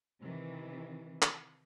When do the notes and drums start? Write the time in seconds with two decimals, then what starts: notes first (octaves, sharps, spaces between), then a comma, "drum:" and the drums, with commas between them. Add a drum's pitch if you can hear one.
0.21 C3 D#3 E3
1.22 drum: clap